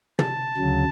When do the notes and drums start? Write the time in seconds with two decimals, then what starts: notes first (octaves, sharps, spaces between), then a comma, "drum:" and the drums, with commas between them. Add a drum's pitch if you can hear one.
0.19 A5, drum: tom
0.57 D2 C#3 F#3